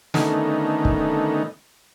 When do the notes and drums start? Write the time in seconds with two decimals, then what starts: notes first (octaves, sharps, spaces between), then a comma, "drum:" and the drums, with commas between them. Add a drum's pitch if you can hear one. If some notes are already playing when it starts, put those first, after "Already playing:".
0.14 D3 D#3 A3 B3 C#4 D#4, drum: snare
0.85 drum: kick